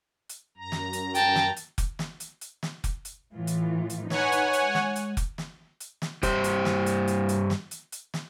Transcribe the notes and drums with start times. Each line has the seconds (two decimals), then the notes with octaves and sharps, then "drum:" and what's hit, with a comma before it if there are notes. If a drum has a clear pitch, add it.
0.29 drum: hi-hat
0.57 F#2 A#5
0.72 drum: snare
0.93 drum: hi-hat
1.15 G5 A5, drum: hi-hat
1.35 drum: snare
1.57 drum: hi-hat
1.78 drum: kick F1, hi-hat
1.99 drum: snare
2.20 drum: hi-hat
2.41 drum: hi-hat
2.63 drum: snare
2.84 drum: kick F1, hi-hat
3.05 drum: hi-hat
3.34 A2 E3 F4
3.47 drum: hi-hat
3.90 drum: hi-hat
4.10 D#4 B4 C#5 F#5 G#5, drum: snare
4.32 drum: hi-hat
4.53 drum: hi-hat
4.63 G#3
4.75 drum: snare
4.96 drum: hi-hat
5.17 drum: kick F1, hi-hat
5.38 drum: snare
5.80 drum: hi-hat
6.02 drum: snare
6.23 G2 G4 C5, drum: kick F1, hi-hat
6.44 drum: hi-hat
6.65 drum: snare
6.86 drum: hi-hat
7.08 drum: hi-hat
7.29 drum: hi-hat
7.50 drum: snare
7.71 drum: hi-hat
7.92 drum: hi-hat
8.14 drum: snare